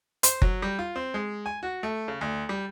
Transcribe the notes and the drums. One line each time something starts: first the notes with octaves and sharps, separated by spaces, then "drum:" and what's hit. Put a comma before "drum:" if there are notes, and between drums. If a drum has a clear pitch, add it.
C5, drum: hi-hat
F#3, drum: kick F#1
G3
F4
C4
G#3
G#5
F#4
A3
C#3
D2
G3